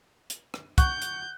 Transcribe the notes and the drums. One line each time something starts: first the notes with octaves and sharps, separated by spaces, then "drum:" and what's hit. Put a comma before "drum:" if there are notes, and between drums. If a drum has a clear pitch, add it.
drum: hi-hat
drum: rim click
F#5 C#6 F#6 G6, drum: kick, hi-hat
drum: hi-hat